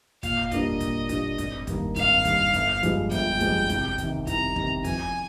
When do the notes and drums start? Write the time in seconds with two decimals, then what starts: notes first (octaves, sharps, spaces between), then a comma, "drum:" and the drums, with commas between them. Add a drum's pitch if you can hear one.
0.23 A#2 F5, drum: kick, hi-hat
0.51 G3 A#3 D4 F4 D#5, drum: kick, hi-hat
0.80 A#2, drum: kick, hi-hat
1.09 G3 A#3 D4 F4, drum: kick, hi-hat
1.38 G#1, drum: kick, hi-hat
1.67 G2 D#3 A#3, drum: kick, hi-hat
1.96 G#1 F5, drum: kick, hi-hat
2.25 G2 D#3 A#3, drum: kick, hi-hat
2.54 G1, drum: kick, hi-hat
2.83 G2 F3 G#3, drum: kick, hi-hat
3.11 G1 G5, drum: kick, hi-hat
3.40 G2 F3 G#3, drum: kick, hi-hat
3.69 C2, drum: kick, hi-hat
3.98 C3 D#3, drum: kick, hi-hat
4.27 C2 A#5, drum: kick, hi-hat
4.56 C3 D#3, drum: kick
4.84 F2 G#5, drum: kick, hi-hat